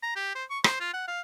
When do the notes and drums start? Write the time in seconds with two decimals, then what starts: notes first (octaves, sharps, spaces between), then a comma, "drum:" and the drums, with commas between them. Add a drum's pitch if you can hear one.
0.03 A#5
0.16 G4
0.35 C5
0.50 C#6
0.64 C5, drum: rim click
0.80 F4
0.94 F#5
1.08 F5